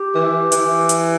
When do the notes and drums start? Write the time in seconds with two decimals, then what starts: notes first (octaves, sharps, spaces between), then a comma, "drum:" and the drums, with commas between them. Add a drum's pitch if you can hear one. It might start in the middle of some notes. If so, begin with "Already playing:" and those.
Already playing: G4
0.14 E3
0.52 E3, drum: hi-hat
0.89 drum: hi-hat